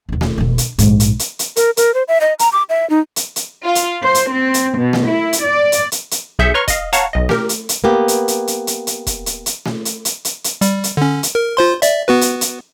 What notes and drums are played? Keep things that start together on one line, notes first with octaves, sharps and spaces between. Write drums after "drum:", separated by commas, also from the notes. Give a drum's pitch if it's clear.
E1 D#2
drum: snare A3
E1 B2
D4, drum: hi-hat
A#1 G#2, drum: hi-hat
drum: hi-hat
drum: hi-hat
drum: hi-hat
A#4, drum: hi-hat
A#4, drum: hi-hat
C5
E5
D#5
A#5, drum: hi-hat
D6
E5
D#4
drum: hi-hat
drum: hi-hat
F4
drum: hi-hat
C5
drum: hi-hat
C4
drum: hi-hat
B2
drum: snare A3
E4
drum: hi-hat
D5
drum: hi-hat
drum: hi-hat
drum: hi-hat
B1 G#4 E5 G6 C#7
B4 C#5 A#5 C6 C#6 F6
D#5 F5, drum: kick E1, hi-hat
C#5 F5 F#5 A5 A#5 C#6, drum: hi-hat
B1 D#5
G4 A#4, drum: snare A3
drum: hi-hat
drum: hi-hat
A#3 B3 G4
drum: hi-hat
drum: hi-hat
drum: hi-hat
drum: hi-hat
drum: hi-hat
drum: kick E1, hi-hat
drum: hi-hat
drum: hi-hat
drum: snare A3
drum: hi-hat
drum: hi-hat
drum: hi-hat
drum: hi-hat
G3, drum: hi-hat
drum: hi-hat
D3 C#4
drum: hi-hat
A#4
F4 C5 C6
D5 E5, drum: hi-hat
B3 F#4 B4
drum: hi-hat
drum: hi-hat